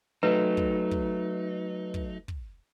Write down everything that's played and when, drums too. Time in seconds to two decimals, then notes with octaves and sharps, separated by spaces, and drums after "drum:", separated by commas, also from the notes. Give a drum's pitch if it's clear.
0.23 F#3 A3 D#4 B4
0.57 drum: kick
0.91 drum: kick
1.94 drum: kick
2.28 drum: kick